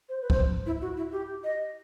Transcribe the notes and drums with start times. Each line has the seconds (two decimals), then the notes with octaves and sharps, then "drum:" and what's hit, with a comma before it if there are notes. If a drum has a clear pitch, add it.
0.09 C5
0.22 B4
0.30 C5, drum: kick
0.66 E4
0.82 F#4
0.97 E4
1.12 G4
1.44 D#5